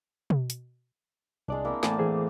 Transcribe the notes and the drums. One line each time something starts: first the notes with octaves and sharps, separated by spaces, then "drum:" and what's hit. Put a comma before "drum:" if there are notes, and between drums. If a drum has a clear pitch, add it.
drum: tom B2
drum: hi-hat
C2 G#3 D4 D5
A#3 C4 E4
E2 A2 A#3 D5 G#5 A5, drum: snare
E3 G#4 C5